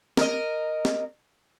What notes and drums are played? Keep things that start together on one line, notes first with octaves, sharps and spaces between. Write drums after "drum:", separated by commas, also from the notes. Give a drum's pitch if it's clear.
A#4 D#5, drum: snare
drum: snare